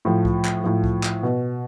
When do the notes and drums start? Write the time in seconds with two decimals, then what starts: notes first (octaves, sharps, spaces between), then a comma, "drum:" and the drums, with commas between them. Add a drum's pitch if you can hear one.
0.05 A2 F3
0.25 drum: kick C2
0.45 drum: clap
0.64 A2 F3
0.84 drum: kick C2
1.03 drum: clap
1.23 B2